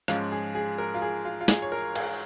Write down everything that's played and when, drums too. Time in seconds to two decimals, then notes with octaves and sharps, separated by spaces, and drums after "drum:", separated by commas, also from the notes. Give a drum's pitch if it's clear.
0.08 G#2 F3 G#3 C#4 F4, drum: rim click
0.32 G#4
0.55 G#4
0.78 A#4
0.94 F4
1.02 G#4
1.25 F4
1.41 F4
1.48 G#4, drum: snare
1.62 C#5
1.72 A#4
1.95 G#4, drum: cymbal